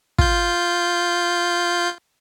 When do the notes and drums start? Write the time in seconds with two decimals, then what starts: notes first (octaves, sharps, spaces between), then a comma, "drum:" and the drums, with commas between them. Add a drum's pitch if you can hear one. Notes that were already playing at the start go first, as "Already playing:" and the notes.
0.19 F4 G6, drum: kick